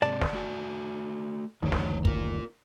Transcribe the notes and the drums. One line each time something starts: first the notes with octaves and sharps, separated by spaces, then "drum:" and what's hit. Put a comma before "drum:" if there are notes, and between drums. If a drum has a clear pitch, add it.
G#2 C3 G#3 D5 A5
drum: snare
A3 F#4 G#5
F#1 D2 D#3 F3 C#5
drum: snare
F4 A#4, drum: kick